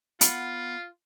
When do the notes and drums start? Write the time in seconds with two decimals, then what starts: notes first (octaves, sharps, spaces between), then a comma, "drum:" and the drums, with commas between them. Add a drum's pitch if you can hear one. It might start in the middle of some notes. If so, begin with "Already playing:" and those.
0.21 B3 F4 F#5 B5, drum: hi-hat